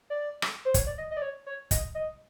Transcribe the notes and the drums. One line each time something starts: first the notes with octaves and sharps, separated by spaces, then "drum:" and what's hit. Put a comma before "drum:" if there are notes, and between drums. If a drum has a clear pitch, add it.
D5
drum: rim click
C5
C#5, drum: kick, hi-hat
D5
D#5
D#5
D5
C#5
C#5
D#5, drum: kick, hi-hat
D#5